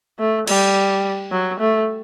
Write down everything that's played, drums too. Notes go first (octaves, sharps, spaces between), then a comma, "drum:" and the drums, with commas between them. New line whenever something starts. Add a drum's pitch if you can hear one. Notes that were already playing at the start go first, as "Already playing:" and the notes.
A3
G3, drum: cymbal
F#3
A3